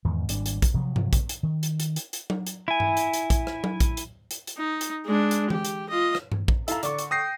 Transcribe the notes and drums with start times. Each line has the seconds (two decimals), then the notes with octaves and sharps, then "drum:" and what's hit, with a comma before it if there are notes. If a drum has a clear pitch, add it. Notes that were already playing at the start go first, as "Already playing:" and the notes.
0.05 E2 G#2 D#3
0.29 G#1 G#2 G3 D4, drum: hi-hat
0.46 drum: hi-hat
0.62 drum: kick, hi-hat
0.74 C3 F3 F#3
0.96 drum: tom G2
1.13 drum: kick, hi-hat
1.29 drum: hi-hat
1.43 D#3
1.63 drum: hi-hat
1.80 drum: hi-hat
1.96 drum: hi-hat
2.13 drum: hi-hat
2.30 drum: tom F#3
2.47 drum: hi-hat
2.68 E4 G#5
2.80 drum: tom G2
2.97 drum: hi-hat
3.14 drum: hi-hat
3.30 drum: kick, hi-hat
3.47 drum: rim click
3.64 drum: tom F#3
3.80 drum: kick, hi-hat
3.97 drum: hi-hat
4.31 drum: hi-hat
4.47 drum: hi-hat
4.58 D#4
4.81 drum: hi-hat
5.05 G#3 D4
5.31 drum: hi-hat
5.50 G4, drum: tom E3
5.65 drum: hi-hat
5.89 F4 D#5
6.15 drum: rim click
6.32 drum: tom G2
6.48 drum: kick
6.68 E4 A4 F5 A#5, drum: hi-hat
6.83 D3 D5 C#6, drum: hi-hat
6.99 drum: hi-hat
7.11 G5 D#6 A#6 C7